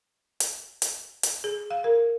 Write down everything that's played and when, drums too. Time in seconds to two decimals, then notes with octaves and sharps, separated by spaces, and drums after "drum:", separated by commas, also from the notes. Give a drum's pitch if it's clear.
0.40 drum: hi-hat
0.82 drum: hi-hat
1.23 drum: hi-hat
1.44 G#4
1.70 F5
1.84 A#4